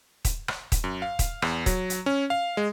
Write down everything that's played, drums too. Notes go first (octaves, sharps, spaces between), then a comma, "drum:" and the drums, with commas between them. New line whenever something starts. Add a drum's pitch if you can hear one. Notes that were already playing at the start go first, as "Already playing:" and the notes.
drum: kick D#1, hi-hat
drum: rim click
drum: kick D#1, hi-hat
F#2
F5
drum: kick D#1, hi-hat
E2, drum: rim click
F#3, drum: kick D#1, hi-hat
drum: hi-hat
C#4
F5
G#3